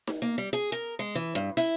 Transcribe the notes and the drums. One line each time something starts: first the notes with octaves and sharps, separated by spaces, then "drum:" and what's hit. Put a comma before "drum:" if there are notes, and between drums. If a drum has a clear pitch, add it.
drum: snare D#4
A#3
G3
G#4
A#4
G#3
E3
G2
E4, drum: hi-hat